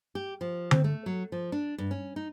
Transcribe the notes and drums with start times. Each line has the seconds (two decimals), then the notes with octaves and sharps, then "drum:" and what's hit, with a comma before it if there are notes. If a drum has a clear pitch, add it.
0.15 G4
0.41 F3
0.71 C4, drum: tom D3
0.84 A3
1.06 F#3
1.32 F3
1.52 D4
1.78 G2
1.91 C#4
2.16 D#4